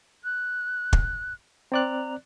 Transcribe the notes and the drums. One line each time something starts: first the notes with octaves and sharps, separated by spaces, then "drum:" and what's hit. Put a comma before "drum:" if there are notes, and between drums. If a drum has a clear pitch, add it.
F#6
drum: kick
C4 D5 A#5 F#6